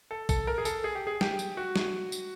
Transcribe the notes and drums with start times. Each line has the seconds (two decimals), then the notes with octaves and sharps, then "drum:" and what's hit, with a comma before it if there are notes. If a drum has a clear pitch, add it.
0.11 A4
0.29 A4, drum: kick A#1, tambourine
0.47 A#4
0.58 G#4
0.65 A4, drum: tambourine
0.84 G#4
0.95 G4
1.07 G#4
1.21 G4, drum: snare
1.39 drum: tambourine
1.57 F#4
1.76 drum: snare
2.12 drum: tambourine